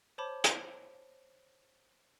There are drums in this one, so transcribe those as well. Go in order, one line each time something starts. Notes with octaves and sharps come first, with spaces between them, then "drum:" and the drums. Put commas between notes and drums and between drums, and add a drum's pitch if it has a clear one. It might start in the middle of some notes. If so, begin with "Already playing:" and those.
C5 C#5 A5 B5 D6
drum: hi-hat